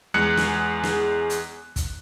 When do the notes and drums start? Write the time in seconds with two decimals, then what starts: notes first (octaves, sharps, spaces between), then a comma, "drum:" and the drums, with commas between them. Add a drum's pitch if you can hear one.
0.14 E2 G#3 G#4 F#6 C#7
0.37 drum: snare
0.83 drum: snare
1.30 drum: hi-hat
1.76 drum: kick, hi-hat